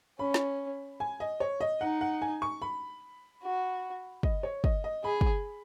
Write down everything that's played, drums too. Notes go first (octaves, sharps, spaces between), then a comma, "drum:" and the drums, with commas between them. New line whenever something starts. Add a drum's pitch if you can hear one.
C#4 B5
drum: snare
G#5
D#5
C#5
D#5
D#4 F#5
F#5
G#5
C#6
B5
F#4
D#5, drum: kick
C#5
D#5, drum: kick
D#5
G#4 B5
drum: kick